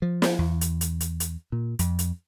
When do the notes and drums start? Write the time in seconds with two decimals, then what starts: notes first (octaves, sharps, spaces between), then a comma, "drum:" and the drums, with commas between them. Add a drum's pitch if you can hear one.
0.02 F3
0.22 drum: snare
0.39 E2
0.61 drum: hi-hat
0.81 drum: hi-hat
1.00 drum: hi-hat
1.20 drum: hi-hat
1.52 A#2
1.79 F2, drum: hi-hat
1.99 drum: hi-hat